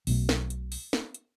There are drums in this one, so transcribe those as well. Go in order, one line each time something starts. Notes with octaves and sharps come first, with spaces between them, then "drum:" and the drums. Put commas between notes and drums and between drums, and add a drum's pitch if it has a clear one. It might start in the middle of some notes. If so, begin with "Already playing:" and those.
B1 B2 A3, drum: open hi-hat
drum: snare
drum: hi-hat
drum: open hi-hat
drum: snare
drum: hi-hat